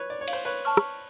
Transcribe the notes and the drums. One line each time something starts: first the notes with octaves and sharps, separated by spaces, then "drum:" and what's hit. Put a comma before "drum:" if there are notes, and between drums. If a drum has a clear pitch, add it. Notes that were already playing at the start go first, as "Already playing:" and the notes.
Already playing: B4 C#5
D5
C#5
F5, drum: cymbal
C5
B4 C#5
A5 C#6 F6
drum: rim click